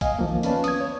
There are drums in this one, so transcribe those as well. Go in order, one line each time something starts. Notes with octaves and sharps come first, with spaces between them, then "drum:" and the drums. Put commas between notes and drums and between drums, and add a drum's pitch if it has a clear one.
D#5 F5 G#5, drum: kick A#1, hi-hat
D#3 F3 A#3
B3 C#4 B4 D5 F5 A5, drum: hi-hat
D#6 G#6, drum: hi-hat
C#5